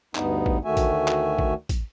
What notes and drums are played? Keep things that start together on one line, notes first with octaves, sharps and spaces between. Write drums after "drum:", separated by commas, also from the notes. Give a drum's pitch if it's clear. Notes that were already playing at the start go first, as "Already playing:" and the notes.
D2 G2 B3 D#4, drum: clap
drum: kick
D2 D#3 A3 F#4 E5 G#5
drum: kick, hi-hat
drum: clap
drum: kick
drum: kick, hi-hat